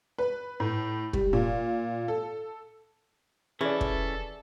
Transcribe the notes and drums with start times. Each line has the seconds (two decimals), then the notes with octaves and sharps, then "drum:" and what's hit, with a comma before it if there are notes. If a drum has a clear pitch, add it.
0.18 B4
0.60 A2
1.13 G3, drum: kick
1.33 A#2
2.08 A4
3.61 E3 C#4 G#4 A4 D5
3.81 drum: kick